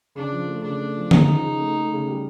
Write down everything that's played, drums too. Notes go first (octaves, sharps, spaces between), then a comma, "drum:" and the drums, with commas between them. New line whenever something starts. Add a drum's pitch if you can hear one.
C#3 D4
F3
A3
C#3 D4
A3
F3
C#3 D#4, drum: tom
F3
C#3
A3
A3
C#3
G3